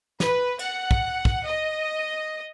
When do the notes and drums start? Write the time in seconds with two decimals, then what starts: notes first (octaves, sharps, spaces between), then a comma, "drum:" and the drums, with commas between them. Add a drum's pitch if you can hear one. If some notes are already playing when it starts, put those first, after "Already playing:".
0.20 B4, drum: snare
0.59 F#5, drum: cymbal
0.91 drum: kick
1.25 drum: kick
1.45 D#5